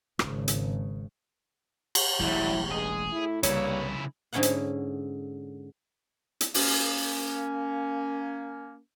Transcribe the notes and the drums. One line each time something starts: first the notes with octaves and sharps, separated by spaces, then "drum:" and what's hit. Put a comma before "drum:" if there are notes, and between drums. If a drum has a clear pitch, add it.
G#1 C#3, drum: rim click
drum: hi-hat
drum: cymbal
E1 A1 F#3 G3 E4
G2 G#3 G#4
A2 E4
C2 G2 C#3 G3 A#3 E4 C#5, drum: hi-hat
G#2 D3 C#4 E4 F5 F#5
drum: hi-hat
drum: hi-hat
A#3 C#4, drum: open hi-hat